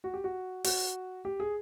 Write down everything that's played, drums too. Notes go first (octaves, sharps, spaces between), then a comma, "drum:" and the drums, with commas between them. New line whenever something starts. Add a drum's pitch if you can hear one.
F#4
G4
F#4
F#4, drum: open hi-hat
G4
G#4